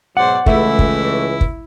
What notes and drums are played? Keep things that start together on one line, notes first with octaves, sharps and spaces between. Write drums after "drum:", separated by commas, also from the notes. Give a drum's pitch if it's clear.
G#2 B2 F#3 C5 D5 F#5
C#2 E3 A3 E4 E5, drum: kick
drum: kick
drum: kick